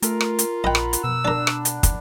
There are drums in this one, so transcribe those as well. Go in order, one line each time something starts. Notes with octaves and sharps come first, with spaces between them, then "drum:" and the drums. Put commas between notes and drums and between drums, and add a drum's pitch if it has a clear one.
A3 F4 A#4, drum: hi-hat
drum: rim click
drum: hi-hat
A#1 D#5 F#5 G5 A#5 B5
drum: rim click
drum: hi-hat
B2 E6
D4 A#4 D5
drum: rim click
drum: hi-hat
drum: kick, hi-hat